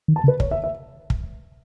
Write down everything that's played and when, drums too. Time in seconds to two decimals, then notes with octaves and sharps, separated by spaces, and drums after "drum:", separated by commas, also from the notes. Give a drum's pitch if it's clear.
0.08 D#3
0.16 A5
0.24 C#3
0.28 B4
0.40 C#5, drum: kick
0.51 E5
0.64 E5
1.10 drum: kick